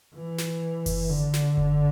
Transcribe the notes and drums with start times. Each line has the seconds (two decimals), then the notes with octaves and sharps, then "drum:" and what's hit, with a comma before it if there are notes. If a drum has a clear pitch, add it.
0.15 E3
0.38 drum: snare
0.86 drum: kick F#1, open hi-hat
1.10 D3
1.34 drum: snare
1.57 drum: kick F#1